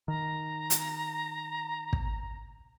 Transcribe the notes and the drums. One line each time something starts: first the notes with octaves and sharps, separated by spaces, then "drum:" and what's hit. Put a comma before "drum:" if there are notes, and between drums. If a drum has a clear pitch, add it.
D#3 A#5
drum: hi-hat
drum: kick